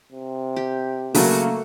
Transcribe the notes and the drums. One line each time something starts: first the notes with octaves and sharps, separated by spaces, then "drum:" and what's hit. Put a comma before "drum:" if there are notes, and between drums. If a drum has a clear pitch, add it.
C3
G4
C#3 F#3 A3 A#3 F#4, drum: open hi-hat